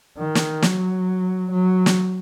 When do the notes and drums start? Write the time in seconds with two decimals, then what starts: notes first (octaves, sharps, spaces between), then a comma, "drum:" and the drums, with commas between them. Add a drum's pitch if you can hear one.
0.18 D#3
0.35 drum: snare
0.62 F#3, drum: snare
1.51 F#3
1.86 drum: snare